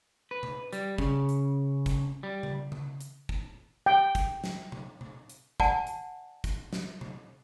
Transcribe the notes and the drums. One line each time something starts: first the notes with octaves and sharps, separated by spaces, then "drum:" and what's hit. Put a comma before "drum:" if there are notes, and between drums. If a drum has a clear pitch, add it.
B4
drum: tom C3
G3, drum: hi-hat
C#3, drum: kick
drum: hi-hat
drum: kick, hi-hat
G3
drum: tom C#3
drum: tom C#3
drum: hi-hat
drum: kick
G5
drum: kick, hi-hat
drum: snare
drum: tom C3
drum: tom C3
drum: hi-hat
D5 F#5 G#5 A5, drum: kick
drum: hi-hat
drum: kick, hi-hat
drum: snare
drum: tom C3